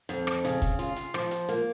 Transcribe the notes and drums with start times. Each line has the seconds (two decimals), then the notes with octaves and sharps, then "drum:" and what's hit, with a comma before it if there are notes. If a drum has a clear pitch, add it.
0.09 F2, drum: hi-hat
0.27 drum: rim click
0.45 C#3, drum: hi-hat
0.62 drum: kick, hi-hat
0.79 F4, drum: hi-hat
0.96 drum: hi-hat
1.14 F3, drum: rim click
1.31 drum: hi-hat
1.49 A#3, drum: hi-hat